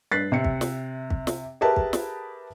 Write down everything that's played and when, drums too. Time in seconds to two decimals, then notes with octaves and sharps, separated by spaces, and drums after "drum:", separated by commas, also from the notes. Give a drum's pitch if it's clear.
0.12 G2 F#6 A6 B6 C7
0.32 C3 E5 C#7
0.44 drum: kick
0.61 drum: snare
1.10 drum: kick
1.27 drum: snare
1.61 G4 G#4 A#4 B4 E5 A5
1.76 drum: kick
1.93 drum: snare